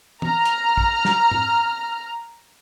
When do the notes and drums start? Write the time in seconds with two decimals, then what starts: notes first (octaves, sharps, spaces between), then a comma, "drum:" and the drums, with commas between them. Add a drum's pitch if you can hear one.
0.22 A#5 F6, drum: tom E3
0.45 drum: hi-hat
0.78 drum: kick
1.05 drum: snare
1.31 drum: tom G#2